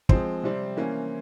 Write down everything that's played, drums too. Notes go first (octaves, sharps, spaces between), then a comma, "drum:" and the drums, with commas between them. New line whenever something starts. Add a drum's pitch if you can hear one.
F3 G#3 C4 C5, drum: kick
C3 G3 C4
E3 A#3 C#4